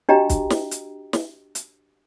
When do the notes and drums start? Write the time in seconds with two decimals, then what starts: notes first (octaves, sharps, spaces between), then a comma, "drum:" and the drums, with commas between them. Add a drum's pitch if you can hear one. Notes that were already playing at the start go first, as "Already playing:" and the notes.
0.09 D4 F#4 G4 D#5 G5 A#5
0.29 drum: kick, hi-hat
0.50 drum: snare
0.71 drum: hi-hat
1.13 drum: snare
1.55 drum: hi-hat